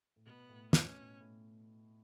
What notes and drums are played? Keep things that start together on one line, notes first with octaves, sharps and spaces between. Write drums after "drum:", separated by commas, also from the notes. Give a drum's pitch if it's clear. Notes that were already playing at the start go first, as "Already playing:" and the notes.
A2
B2 B3
A2
B2 C#4, drum: snare
B2
A2